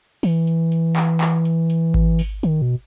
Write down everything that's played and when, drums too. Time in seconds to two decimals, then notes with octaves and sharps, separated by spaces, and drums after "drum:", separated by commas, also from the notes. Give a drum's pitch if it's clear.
0.23 E3, drum: open hi-hat
0.47 drum: hi-hat
0.72 drum: hi-hat
0.96 drum: clap
1.21 drum: clap
1.45 drum: hi-hat
1.70 drum: hi-hat
1.94 drum: kick G#1
2.19 drum: open hi-hat
2.43 D#3, drum: hi-hat
2.62 B2